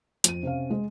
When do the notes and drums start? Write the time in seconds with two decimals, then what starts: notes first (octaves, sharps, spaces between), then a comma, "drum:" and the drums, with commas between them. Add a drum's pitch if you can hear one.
0.24 F2 D#7, drum: hi-hat
0.43 C3 C#4 F5
0.70 G#3